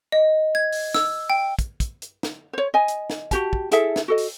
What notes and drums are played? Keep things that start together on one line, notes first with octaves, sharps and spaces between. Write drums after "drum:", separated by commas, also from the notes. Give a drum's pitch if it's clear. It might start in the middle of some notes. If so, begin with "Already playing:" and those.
D#5
G#6
drum: open hi-hat
E6, drum: snare
G5
drum: kick, hi-hat
drum: kick, hi-hat
drum: hi-hat
drum: snare
C5 C#5
D#5 G#5
drum: hi-hat
drum: snare
F#4 G4 A5, drum: kick, hi-hat
drum: kick
E4 G#4 A4 E5, drum: hi-hat
drum: snare
F#4 A4 D#5
drum: open hi-hat